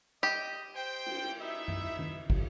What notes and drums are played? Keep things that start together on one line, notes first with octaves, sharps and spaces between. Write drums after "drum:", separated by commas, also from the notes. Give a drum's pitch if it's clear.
G4 D#5
C5 G5
drum: cymbal
D#4 E4 E5
drum: tom F#2
drum: tom D#3
drum: kick, cymbal